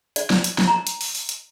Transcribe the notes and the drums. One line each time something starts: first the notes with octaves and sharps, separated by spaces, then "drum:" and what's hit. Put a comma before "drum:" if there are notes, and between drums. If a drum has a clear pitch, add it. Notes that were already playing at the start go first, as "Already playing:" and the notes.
D5, drum: hi-hat
drum: snare
drum: hi-hat
drum: snare
A#5
drum: hi-hat
drum: open hi-hat
drum: open hi-hat
drum: hi-hat